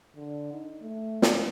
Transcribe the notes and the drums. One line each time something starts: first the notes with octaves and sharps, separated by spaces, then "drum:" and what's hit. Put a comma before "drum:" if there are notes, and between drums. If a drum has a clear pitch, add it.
D3
D#4
A3
drum: snare